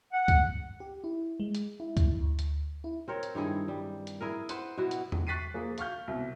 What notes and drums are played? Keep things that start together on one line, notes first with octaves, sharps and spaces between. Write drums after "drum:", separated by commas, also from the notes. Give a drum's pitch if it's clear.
F#5
drum: kick C#2, hi-hat
G4
E4
G#3
drum: hi-hat
E4
drum: kick C#2, hi-hat
D2
drum: hi-hat
E4
C4 A#4 C#5
drum: hi-hat
G2 D#3 E4 G#4
G3
drum: hi-hat
E4 G#4 A#4
B4 C5 F#5, drum: hi-hat
B2 B3 E4 F#4
drum: hi-hat
drum: tom E2
C#6 F#6 A6 B6 C7 D#7
F3 A#3 G#4
F5 C#6 F6 G6, drum: hi-hat
C2 B2